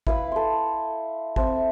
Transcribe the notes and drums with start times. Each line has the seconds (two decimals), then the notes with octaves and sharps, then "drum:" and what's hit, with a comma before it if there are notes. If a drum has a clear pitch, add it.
0.07 E4 B4 F5 B5, drum: kick
0.32 A4 C6
1.36 C4 E5 A5, drum: kick